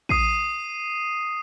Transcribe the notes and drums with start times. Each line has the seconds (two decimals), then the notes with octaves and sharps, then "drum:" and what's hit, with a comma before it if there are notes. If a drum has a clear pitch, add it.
0.09 D#6 C7 D#7, drum: kick